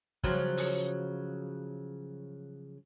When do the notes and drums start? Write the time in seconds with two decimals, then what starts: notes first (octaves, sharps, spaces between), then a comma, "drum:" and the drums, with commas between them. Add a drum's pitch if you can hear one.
0.24 C#3 F3 F#3, drum: kick
0.57 drum: open hi-hat